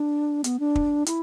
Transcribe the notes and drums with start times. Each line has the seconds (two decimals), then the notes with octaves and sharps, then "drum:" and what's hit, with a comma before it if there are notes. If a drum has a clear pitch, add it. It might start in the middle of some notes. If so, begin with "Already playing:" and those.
Already playing: D4
0.44 B3, drum: hi-hat
0.59 D4
0.75 drum: kick
1.06 E4, drum: hi-hat